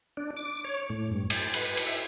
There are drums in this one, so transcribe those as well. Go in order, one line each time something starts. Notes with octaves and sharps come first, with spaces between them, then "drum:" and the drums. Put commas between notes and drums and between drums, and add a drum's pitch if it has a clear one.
D4
D6
C#5
A2
G2
A6, drum: cymbal
B4, drum: cymbal
drum: cymbal
E5